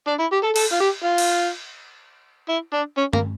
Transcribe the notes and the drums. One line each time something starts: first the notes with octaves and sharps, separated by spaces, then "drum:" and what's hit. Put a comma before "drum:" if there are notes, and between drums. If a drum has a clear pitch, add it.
D4
E4
G4
A4
A4, drum: cymbal
F4
G4
F4
drum: cymbal
E4
D4
C#4
A#3, drum: tom G2